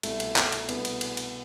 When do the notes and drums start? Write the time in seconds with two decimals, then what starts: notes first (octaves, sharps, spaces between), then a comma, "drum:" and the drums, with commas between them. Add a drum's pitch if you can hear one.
0.03 C2 B2 A3, drum: cymbal
0.20 drum: cymbal
0.36 drum: clap
0.52 drum: cymbal
0.69 C2 B2 B3, drum: cymbal
0.85 drum: cymbal
1.01 drum: cymbal
1.17 drum: cymbal